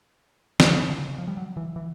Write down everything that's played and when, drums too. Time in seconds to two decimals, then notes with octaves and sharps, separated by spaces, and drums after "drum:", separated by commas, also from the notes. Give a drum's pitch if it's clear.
0.60 C#3, drum: snare
0.70 F3
0.80 D#3
0.89 D3
0.98 C#3
1.09 C#3
1.18 F3
1.28 G3
1.37 F#3
1.57 E3
1.76 E3